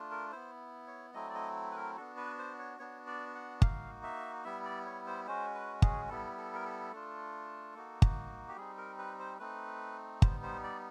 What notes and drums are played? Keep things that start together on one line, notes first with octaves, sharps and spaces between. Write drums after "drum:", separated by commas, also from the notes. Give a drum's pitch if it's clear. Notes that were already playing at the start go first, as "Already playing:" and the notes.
Already playing: A3 D4 F4
A#4
B3 E4 C5
C#5
F#3 A3 C4 E4 D#5
D5
D#5
B4
A#4
B3 D4 F#4 A4
B4
C5
C#5
B3 D4 F#4 C#5
D5
F#5
A#3 D#4 F#4 F5, drum: kick
E5
G3 B3 E4 E5
D5
C#5
C5
G#3 C#4 F#4 C5
B4
G#4, drum: kick
G3 B3 E4 A4
A4
A#4
A4
A3 D4 F4
A#3 D#4 F#4
drum: kick
G4
G3 C4 D#4 G#4
A#4
B4
C5
A3 C4 D#4 B4
G3 B3 D#4 C5, drum: kick
C5
D5